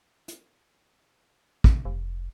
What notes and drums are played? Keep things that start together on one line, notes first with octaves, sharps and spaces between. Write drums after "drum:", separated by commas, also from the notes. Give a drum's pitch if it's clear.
drum: hi-hat
drum: kick
F1